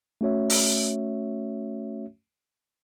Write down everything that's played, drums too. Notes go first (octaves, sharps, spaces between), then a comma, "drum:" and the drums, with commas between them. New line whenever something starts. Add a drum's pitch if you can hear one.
A3 C#4 F#4 C#5 E5
drum: open hi-hat